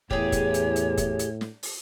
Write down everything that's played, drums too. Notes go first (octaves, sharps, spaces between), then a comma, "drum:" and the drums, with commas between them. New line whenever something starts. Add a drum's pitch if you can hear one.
E2 A2 G4 G#4 C#5, drum: kick
drum: kick, hi-hat
drum: hi-hat
drum: hi-hat
drum: kick, hi-hat
drum: hi-hat
drum: snare
drum: open hi-hat